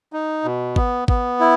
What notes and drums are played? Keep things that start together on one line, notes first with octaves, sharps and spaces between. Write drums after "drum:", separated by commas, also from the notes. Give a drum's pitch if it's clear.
D#4
B2
B3, drum: kick G#1
B3, drum: kick G#1
E4